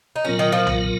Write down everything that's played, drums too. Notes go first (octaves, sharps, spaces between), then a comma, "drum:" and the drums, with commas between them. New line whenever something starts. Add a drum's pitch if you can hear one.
D#4
A#2 F#3 B3 C#4 F4 A#4
D#3
F3
drum: tom B1